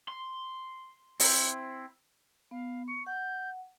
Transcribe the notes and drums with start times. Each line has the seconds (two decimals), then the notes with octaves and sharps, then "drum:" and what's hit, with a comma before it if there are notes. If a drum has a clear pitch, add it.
0.08 C6
1.20 C4 E4 C5, drum: open hi-hat
2.51 B3 F5
2.88 C#6 C#7
3.07 F#5 G6